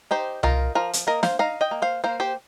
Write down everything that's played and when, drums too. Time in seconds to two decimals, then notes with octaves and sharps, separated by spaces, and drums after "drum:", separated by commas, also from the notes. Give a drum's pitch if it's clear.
0.11 D#4 G4 C5
0.43 D#4 F4 A#4, drum: tom C2
0.75 F3 F4 A#4
0.93 drum: hi-hat
1.07 A#3 A#4 D#5
1.23 C5 F5, drum: snare
1.39 D#4 F5 A#5
1.61 D#5 G5
1.71 A#3
1.82 C5 F5
2.04 A#3 C5 F5
2.20 G4 C5